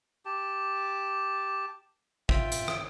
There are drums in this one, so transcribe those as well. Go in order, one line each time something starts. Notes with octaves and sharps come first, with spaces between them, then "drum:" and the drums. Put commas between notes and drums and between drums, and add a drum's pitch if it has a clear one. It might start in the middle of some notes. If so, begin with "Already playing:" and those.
G4 A5
F4 E5 G5, drum: kick G#1
drum: hi-hat
drum: rim click